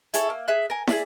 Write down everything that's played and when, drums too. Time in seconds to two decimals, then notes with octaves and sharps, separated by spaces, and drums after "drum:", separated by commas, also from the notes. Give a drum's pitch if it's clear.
0.14 E4 G#4 A4 C#5, drum: hi-hat
0.30 A#3
0.48 G#4 E5 F#6
0.70 A#4 G#5
0.87 G#4 B4 D5 E5, drum: snare